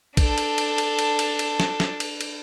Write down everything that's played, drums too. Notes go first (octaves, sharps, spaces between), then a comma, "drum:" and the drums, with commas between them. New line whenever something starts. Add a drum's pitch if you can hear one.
D4 A4, drum: kick, cymbal
drum: cymbal
drum: cymbal
drum: cymbal
drum: cymbal
drum: cymbal
drum: cymbal
drum: snare
drum: snare
drum: cymbal
drum: cymbal